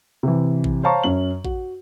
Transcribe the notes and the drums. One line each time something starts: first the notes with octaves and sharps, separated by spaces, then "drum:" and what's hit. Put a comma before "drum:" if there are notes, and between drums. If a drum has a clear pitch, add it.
C3 E3
drum: kick A1
C5 C#5 F5 A5 A#5 C#6
F#2 C#4 F#7
F#4, drum: kick A1